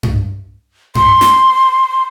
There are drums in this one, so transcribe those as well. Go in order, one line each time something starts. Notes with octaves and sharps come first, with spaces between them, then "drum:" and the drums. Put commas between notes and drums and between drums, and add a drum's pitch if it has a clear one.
drum: tom G2
C6, drum: tom G2
drum: snare